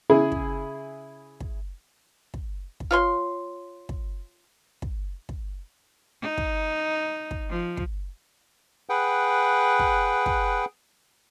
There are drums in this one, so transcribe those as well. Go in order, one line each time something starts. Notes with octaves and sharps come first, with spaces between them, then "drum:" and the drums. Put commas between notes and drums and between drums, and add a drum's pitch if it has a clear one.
C#3 E4 G#4
drum: kick
drum: kick
drum: kick
drum: kick
F4 C#5 C6
drum: kick
drum: kick
drum: kick
D#4
drum: kick
drum: kick
F3
drum: kick
G#4 B4 F#5 G5
drum: kick
drum: kick